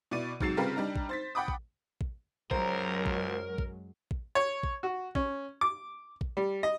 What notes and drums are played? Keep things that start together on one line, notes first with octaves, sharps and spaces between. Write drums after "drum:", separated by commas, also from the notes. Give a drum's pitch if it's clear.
B2 E4 D5 D#7
G#2 C3 F#3 A6 C7 E7, drum: kick
C#3 G3 C4 F4 A#4 B4
G3 D4 D#4 A#5
drum: kick
C5 A6 B6
F#5 G5 B5 D6 D#6
drum: kick
drum: kick
C#2 F#2 F#3 G#3 A#4 C5, drum: kick
drum: kick
drum: kick
drum: kick
C#5
drum: kick
F#4
C#4, drum: kick
D6
drum: kick
G3
D#5